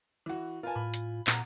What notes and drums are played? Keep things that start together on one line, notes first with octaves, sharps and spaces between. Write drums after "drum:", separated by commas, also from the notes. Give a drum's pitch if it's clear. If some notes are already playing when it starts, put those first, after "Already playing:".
E3 F#4
F4 A#4 B4 G#5 A5
A2 B5
drum: hi-hat
F2 A#2 F#5 A#5, drum: clap